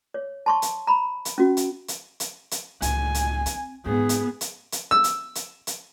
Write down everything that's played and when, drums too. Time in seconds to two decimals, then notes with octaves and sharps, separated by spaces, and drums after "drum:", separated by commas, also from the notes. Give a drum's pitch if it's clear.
0.14 C#5
0.46 A5 C6 C#6
0.62 drum: hi-hat
0.87 A#5 B5
1.25 drum: hi-hat
1.38 C#4 F#4
1.57 drum: hi-hat
1.88 drum: hi-hat
2.20 drum: hi-hat
2.51 drum: hi-hat
2.82 C#2 A2 G#5, drum: hi-hat
3.14 drum: hi-hat
3.46 C4, drum: hi-hat
3.86 G#2 G#3 B3 G#4
4.09 drum: hi-hat
4.41 drum: hi-hat
4.72 drum: hi-hat
4.91 E6
5.04 drum: hi-hat
5.35 drum: hi-hat
5.67 drum: hi-hat